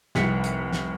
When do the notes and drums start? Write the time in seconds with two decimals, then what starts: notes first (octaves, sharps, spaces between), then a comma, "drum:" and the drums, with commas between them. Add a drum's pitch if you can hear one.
0.15 F1 C2 B6 C#7, drum: snare
0.44 drum: hi-hat
0.73 drum: snare